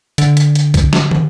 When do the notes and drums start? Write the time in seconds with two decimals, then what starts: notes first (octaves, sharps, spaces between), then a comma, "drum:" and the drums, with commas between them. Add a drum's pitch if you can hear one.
0.18 D3, drum: hi-hat
0.37 drum: hi-hat
0.55 drum: hi-hat
0.74 drum: kick, hi-hat
0.93 drum: snare
1.11 drum: tom